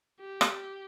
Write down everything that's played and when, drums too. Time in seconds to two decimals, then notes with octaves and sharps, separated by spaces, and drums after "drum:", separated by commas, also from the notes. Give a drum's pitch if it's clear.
0.21 G4
0.41 drum: rim click